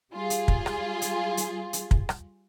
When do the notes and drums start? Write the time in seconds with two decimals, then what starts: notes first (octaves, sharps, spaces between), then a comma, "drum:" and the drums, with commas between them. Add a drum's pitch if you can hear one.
0.12 G3 F4 G#4
0.30 drum: hi-hat
0.48 drum: kick
0.66 drum: rim click
1.02 drum: hi-hat
1.37 drum: hi-hat
1.73 drum: hi-hat
1.91 drum: kick
2.09 drum: rim click